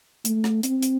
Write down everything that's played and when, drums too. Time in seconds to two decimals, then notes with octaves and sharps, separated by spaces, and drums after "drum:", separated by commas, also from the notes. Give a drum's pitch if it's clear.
0.25 A3, drum: hi-hat
0.44 drum: rim click
0.63 C4, drum: hi-hat
0.82 drum: hi-hat